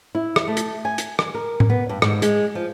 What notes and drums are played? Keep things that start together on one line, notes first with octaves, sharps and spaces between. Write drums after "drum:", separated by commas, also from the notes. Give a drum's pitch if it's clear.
E4
drum: rim click
A3
drum: hi-hat
G#5
drum: hi-hat
drum: rim click
A#4
drum: tom A2
B3
G2
G#2, drum: rim click
G#3, drum: hi-hat
F3